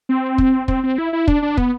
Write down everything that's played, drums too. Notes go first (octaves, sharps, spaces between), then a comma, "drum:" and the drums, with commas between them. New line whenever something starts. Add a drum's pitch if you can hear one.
C4
drum: kick
C4, drum: kick
C4
E4
E4
D4, drum: kick
D4
B3, drum: kick